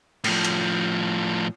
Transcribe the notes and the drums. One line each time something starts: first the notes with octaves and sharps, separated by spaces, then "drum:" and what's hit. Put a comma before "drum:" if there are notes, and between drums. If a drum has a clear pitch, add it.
A2 F3, drum: cymbal
drum: hi-hat